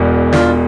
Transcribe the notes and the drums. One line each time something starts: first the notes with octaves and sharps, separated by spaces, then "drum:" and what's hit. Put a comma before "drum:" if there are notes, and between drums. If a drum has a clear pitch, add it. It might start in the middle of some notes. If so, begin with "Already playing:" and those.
Already playing: E1 E2 B2
D4 F4, drum: snare